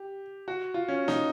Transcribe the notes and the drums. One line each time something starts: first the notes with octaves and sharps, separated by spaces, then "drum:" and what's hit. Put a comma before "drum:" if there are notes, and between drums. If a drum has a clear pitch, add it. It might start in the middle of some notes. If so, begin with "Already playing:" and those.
Already playing: G4
F#4
F4
C#4
D#4, drum: snare A#3